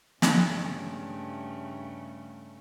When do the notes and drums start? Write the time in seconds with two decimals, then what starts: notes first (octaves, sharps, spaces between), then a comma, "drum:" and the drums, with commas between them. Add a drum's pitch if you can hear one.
0.22 G2 C#3 A3, drum: snare